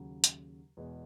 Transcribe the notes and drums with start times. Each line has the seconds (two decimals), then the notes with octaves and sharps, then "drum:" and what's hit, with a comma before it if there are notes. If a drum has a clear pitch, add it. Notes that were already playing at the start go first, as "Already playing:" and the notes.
Already playing: D#2 C#3 F#3
0.24 drum: hi-hat
0.77 E2 B2 G#3 B3